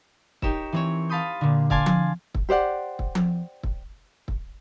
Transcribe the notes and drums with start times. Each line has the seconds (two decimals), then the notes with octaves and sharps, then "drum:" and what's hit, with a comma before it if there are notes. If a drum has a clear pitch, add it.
0.42 D#4 G4 A#4 C#5 E7, drum: kick
0.72 E3 C4 C#5
1.09 F5 A5 B5 C6 D#6 G6
1.41 A#2 D3
1.70 D5 F5 G#5 A5 C6 G#6, drum: kick
1.86 drum: tom F3
2.35 drum: kick
2.49 G4 C5 D5 F#5
2.99 drum: kick
3.15 drum: tom F3
3.63 drum: kick
4.28 drum: kick